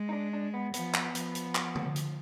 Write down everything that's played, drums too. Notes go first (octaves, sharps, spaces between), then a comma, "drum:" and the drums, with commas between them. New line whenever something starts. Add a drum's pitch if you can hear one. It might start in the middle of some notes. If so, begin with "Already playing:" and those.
Already playing: G#3
D#4
D4
D4
B3
F3 B3, drum: hi-hat
drum: clap
F3, drum: hi-hat
drum: hi-hat
drum: clap
drum: tom D3
drum: hi-hat